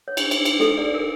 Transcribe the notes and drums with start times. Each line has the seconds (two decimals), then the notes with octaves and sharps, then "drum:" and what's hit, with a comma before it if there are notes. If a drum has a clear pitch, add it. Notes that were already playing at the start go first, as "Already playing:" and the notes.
0.08 C#5
0.17 drum: cymbal
0.31 drum: cymbal
0.45 drum: cymbal
0.60 A4, drum: snare
0.78 D5
0.94 A#4